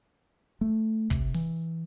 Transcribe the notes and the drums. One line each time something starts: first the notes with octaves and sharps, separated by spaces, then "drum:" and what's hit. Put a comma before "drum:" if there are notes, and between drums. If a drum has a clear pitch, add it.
A3
C3, drum: kick
E3, drum: open hi-hat